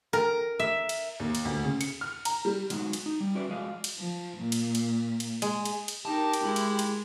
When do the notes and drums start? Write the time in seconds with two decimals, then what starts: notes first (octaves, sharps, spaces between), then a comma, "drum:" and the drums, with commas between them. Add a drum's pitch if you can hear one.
0.13 A#4
0.59 E5
0.89 drum: cymbal
1.20 D#2
1.35 drum: cymbal
1.45 D2
1.64 C#3
1.81 C#7, drum: cymbal
2.01 F6
2.25 A#5, drum: cymbal
2.45 G3
2.70 F#3 G#3 B3 D#4 F#4, drum: cymbal
2.93 drum: cymbal
3.06 D#4
3.20 G3
3.35 C#4 F#4 B4 D5 E5
3.49 F3 G#3 F#4 D5 D#5 F5
3.84 drum: cymbal
3.98 F3
4.38 A#2
4.52 drum: cymbal
4.75 drum: cymbal
5.20 drum: cymbal
5.42 G#3, drum: cymbal
5.65 drum: cymbal
5.88 drum: cymbal
6.05 D#4 G4 A#4 A5
6.33 drum: cymbal
6.44 G#3 E4
6.56 drum: cymbal
6.79 drum: cymbal